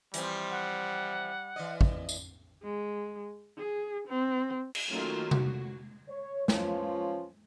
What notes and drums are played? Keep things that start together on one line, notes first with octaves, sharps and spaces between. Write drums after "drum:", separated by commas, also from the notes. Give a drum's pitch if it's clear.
E3 F3 G3 C4, drum: hi-hat
F#5
E3 D5 D#5
drum: kick
drum: tambourine
G#3
G#4
C4
drum: cymbal
D#3 F#3 A3 A#3 C#4 F4
F#4, drum: tom C3
C#5
F3 C#4 F4 B4 C#5, drum: snare